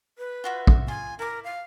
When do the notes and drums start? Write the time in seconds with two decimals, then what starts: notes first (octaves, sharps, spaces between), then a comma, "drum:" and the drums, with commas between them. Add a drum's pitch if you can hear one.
0.18 B4
0.44 F4 F#4 E5
0.67 drum: kick
0.88 F4 G#5
1.19 E4 A#4 D6
1.44 F5